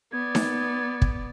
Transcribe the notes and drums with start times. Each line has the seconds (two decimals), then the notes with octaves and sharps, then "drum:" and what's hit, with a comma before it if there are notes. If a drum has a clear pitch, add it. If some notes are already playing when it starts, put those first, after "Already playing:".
0.12 B3 D5 G#6
0.35 drum: snare D#4
1.02 drum: kick